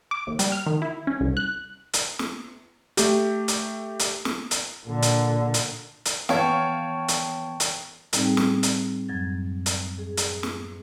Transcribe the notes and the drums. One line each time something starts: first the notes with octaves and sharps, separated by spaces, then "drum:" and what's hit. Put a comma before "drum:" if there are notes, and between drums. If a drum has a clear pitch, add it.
D6
D#2
G3, drum: hi-hat
F6
D#3
E4
C#4
C2
F#6
drum: hi-hat
drum: snare
A3 G4, drum: hi-hat
drum: hi-hat
drum: hi-hat
drum: snare
drum: hi-hat
A#2 D3
drum: hi-hat
drum: hi-hat
drum: hi-hat
E3 B3 C#5 F5 G5 A5 C#6, drum: snare
drum: hi-hat
drum: hi-hat
A2 G3 C4 D#4 G#4, drum: hi-hat
drum: snare
drum: hi-hat
F#2 F#3 G#6 A6
drum: hi-hat
G#4
drum: hi-hat
drum: snare